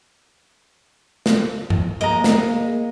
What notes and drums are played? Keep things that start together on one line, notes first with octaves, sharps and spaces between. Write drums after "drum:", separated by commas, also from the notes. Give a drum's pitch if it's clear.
drum: snare
drum: tom G2
G#3 A#3 D#5 A#5
drum: snare